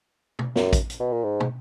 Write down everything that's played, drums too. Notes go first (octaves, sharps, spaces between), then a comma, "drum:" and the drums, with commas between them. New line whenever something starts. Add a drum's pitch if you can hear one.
drum: tom
F#2, drum: snare
drum: kick A1, hi-hat
drum: hi-hat
B2
A#2
G#2
drum: tom